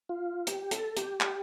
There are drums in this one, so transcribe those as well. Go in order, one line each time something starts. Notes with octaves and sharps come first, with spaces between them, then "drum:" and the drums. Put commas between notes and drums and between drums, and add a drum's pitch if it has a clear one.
F4
G4, drum: hi-hat
A4, drum: hi-hat
G4, drum: hi-hat
drum: clap